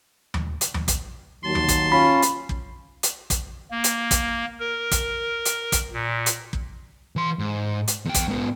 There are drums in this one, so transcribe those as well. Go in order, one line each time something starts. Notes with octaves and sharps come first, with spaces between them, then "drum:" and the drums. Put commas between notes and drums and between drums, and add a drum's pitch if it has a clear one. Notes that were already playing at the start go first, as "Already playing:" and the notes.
drum: tom D#2
drum: hi-hat
drum: tom D#2
drum: kick, hi-hat
D#2 F#3 A5 C6
drum: tom D#2
drum: kick, hi-hat
C#4 F4 B5
drum: hi-hat
drum: kick
drum: hi-hat
drum: kick, hi-hat
A#3
drum: hi-hat
drum: kick, hi-hat
A#4
drum: kick, hi-hat
drum: hi-hat
drum: kick, hi-hat
A#2
drum: hi-hat
drum: kick
E3 C6
G#2
drum: hi-hat
E2 G5
drum: kick, hi-hat
G#2 B3